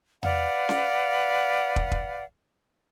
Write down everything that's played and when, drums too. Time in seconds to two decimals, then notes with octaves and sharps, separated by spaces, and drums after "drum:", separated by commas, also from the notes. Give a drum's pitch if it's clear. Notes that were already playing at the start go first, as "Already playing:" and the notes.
0.23 B4 D5 F5 F#5, drum: tom E2
0.69 drum: snare C#4
1.76 drum: kick
1.92 drum: kick